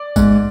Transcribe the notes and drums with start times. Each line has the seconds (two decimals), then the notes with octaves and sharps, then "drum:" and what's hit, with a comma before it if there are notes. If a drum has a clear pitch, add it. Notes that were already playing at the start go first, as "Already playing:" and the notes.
Already playing: D5
0.16 G#2, drum: kick G#1, tambourine